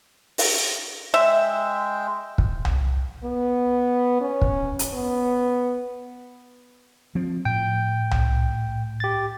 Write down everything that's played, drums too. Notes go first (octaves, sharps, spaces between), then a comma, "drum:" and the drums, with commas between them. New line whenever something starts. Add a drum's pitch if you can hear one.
drum: open hi-hat
G#3 E5 G5
drum: kick
drum: tom C2
B3
C#4
drum: kick
drum: hi-hat
B3
F3 C4
A2 G5
drum: tom C2
G4 A6